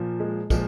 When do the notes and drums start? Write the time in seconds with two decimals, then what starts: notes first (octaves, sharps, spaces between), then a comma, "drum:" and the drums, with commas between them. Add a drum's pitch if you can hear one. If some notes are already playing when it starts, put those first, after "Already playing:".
Already playing: A#2 F3
0.20 G#3
0.50 A#2 F3 G#3, drum: kick, tambourine